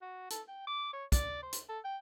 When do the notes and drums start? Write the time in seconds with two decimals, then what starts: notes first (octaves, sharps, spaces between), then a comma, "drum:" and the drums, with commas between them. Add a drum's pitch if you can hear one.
0.02 F#4
0.30 A4, drum: hi-hat
0.48 G5
0.67 D6
0.93 C#5
1.12 D5, drum: kick, hi-hat
1.43 C5
1.53 drum: hi-hat
1.69 A4
1.85 G5